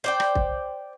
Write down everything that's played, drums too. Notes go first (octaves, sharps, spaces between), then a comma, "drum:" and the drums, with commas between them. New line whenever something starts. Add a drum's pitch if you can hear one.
C5 D5 G5
drum: rim click
drum: kick